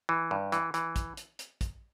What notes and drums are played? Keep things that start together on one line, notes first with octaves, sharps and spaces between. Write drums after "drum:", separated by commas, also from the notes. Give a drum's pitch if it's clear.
E3
G2
E3, drum: hi-hat
E3, drum: hi-hat
drum: kick, hi-hat
drum: hi-hat
drum: hi-hat
drum: kick, hi-hat